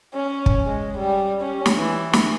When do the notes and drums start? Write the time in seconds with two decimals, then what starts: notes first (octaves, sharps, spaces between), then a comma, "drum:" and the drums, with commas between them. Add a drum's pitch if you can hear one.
0.14 C#4
0.46 drum: kick
0.66 G#3
0.97 G3
1.42 C#4
1.66 drum: snare
1.76 E3
2.13 drum: snare